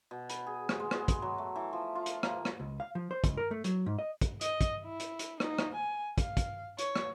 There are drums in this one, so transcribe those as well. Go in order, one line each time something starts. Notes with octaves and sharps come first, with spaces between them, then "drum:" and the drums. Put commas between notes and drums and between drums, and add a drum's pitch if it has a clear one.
B2
B5, drum: hi-hat
G#4
drum: rim click
G#3
G#3, drum: rim click
drum: kick, hi-hat
F#3
A3
E3
F3
F4
drum: hi-hat
A#3, drum: rim click
drum: rim click
C#2
F5
F3
C5
C#2, drum: kick, hi-hat
A#4
A3
F#3, drum: hi-hat
G#2
D#5
drum: kick, hi-hat
D#5, drum: hi-hat
drum: kick, hi-hat
E4
drum: hi-hat
drum: hi-hat
D#4, drum: rim click
drum: rim click
G#5
F5, drum: kick, hi-hat
drum: kick, hi-hat
C#5, drum: hi-hat
drum: rim click